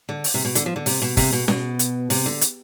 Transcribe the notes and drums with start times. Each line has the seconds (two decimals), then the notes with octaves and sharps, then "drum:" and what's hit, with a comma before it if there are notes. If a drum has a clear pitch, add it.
0.09 D3
0.24 drum: open hi-hat
0.34 C3
0.45 B2
0.55 D3, drum: hi-hat
0.66 F3
0.76 D3
0.86 C3, drum: open hi-hat
1.02 B2
1.17 C3, drum: kick, open hi-hat
1.32 B2
1.48 B2, drum: snare C#4
1.79 drum: hi-hat
2.10 C3, drum: open hi-hat
2.26 D3
2.41 drum: hi-hat